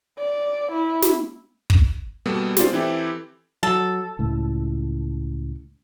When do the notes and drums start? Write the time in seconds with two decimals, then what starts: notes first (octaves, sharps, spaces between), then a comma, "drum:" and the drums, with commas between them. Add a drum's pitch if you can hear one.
0.19 D5
0.72 E4
1.02 drum: snare
1.70 drum: kick
2.26 B2 G3 A#3 B3 A4
2.57 G#3 C4 F4 C5 D5 A6, drum: snare
2.73 E3 C4 E4 G4 A4
3.63 F#3 A4
4.19 C#2 A2